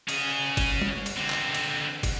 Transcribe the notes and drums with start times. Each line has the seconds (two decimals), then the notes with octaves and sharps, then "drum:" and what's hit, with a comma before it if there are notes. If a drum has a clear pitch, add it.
0.09 C#4 G#4, drum: cymbal
0.57 drum: kick, cymbal
0.82 drum: tom
1.06 drum: cymbal
1.17 D3 C4
1.30 drum: clap
1.55 drum: cymbal
2.03 drum: kick, cymbal